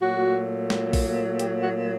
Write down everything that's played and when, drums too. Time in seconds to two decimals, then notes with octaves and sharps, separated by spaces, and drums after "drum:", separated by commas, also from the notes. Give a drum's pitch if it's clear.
0.01 A#2 F#3 A3 F#4
0.70 drum: snare
0.93 drum: kick A#1, open hi-hat
1.39 G4, drum: hi-hat
1.63 F#4